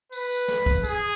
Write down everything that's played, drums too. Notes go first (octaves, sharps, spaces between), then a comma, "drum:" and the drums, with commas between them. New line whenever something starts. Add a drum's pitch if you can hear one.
B4, drum: tambourine
drum: tambourine
drum: snare
drum: kick, tambourine
G#4, drum: tambourine